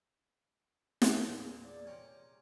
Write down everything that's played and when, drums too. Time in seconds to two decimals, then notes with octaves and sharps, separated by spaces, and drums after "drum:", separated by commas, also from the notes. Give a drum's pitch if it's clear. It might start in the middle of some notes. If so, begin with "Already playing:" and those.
1.02 drum: snare
1.26 E2 A#2 G#3
1.65 D5
1.87 C3 C#4 A#4 G#5